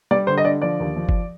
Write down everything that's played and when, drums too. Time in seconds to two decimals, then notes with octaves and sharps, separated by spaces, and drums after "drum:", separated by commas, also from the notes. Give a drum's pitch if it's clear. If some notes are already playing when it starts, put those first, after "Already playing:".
0.11 G3 D5
0.27 D3 C5
0.38 D#5
0.45 D3 D5
0.62 F3 D5
0.80 D#2
0.96 F3
1.09 drum: kick F#1